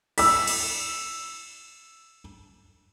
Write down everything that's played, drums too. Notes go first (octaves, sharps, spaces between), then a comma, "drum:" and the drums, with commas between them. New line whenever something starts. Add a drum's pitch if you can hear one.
E6 B6, drum: cymbal
drum: cymbal